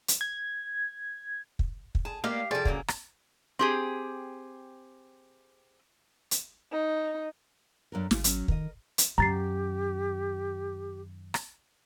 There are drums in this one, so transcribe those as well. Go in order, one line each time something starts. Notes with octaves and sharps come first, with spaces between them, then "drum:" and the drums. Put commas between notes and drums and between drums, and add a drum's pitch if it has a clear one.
drum: hi-hat
G#6
drum: kick
drum: kick
G#4 A5
A#3 B3 G4 D5 D#5 F5
F2 C3 F3 G3 G#4 A4 D5
C#3 F#3 A#3, drum: kick
drum: rim click
C4 G4 G#4
drum: hi-hat
D#4
F#2 D4 A#4
G#1 C#3, drum: snare
F#3 C#4, drum: hi-hat
D#3 A#4 D#5, drum: kick
drum: hi-hat
F#2 D#3 G4 A#5 A6 C7
drum: rim click